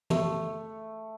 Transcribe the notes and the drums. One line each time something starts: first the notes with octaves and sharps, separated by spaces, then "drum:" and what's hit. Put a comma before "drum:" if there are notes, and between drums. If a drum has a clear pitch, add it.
A3, drum: tom